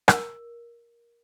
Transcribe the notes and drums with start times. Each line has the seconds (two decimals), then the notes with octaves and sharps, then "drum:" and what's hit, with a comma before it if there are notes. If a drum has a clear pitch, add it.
0.08 A#4, drum: rim click